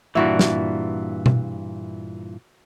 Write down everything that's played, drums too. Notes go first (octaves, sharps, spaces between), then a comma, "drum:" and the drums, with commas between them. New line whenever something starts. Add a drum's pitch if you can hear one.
G2 A#2 E3 E4 F#4 D5
drum: snare
drum: tom B2